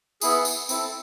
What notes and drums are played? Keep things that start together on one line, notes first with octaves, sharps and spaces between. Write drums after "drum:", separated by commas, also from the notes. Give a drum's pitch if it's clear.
B3 E4 G#4, drum: tambourine
drum: tambourine
C4 E4 A4, drum: tambourine